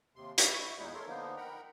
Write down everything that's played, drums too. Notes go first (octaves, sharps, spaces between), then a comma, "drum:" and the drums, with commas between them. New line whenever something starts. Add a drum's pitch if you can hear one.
D#2 C3 C6
E5 B5 C#6, drum: hi-hat
E2 A#2 G#3 D#4 E4
A4 A#4 C#5 C6
D3 F3 A#3 B3 D#4
A#4 F#5 G5 A#5 B5